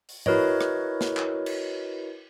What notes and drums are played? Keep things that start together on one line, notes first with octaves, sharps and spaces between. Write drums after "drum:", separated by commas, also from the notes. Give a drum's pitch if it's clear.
drum: open hi-hat
E4 F#4 A#4 B4 C#5 D#5, drum: tom G#2
drum: rim click
drum: snare
drum: clap
drum: cymbal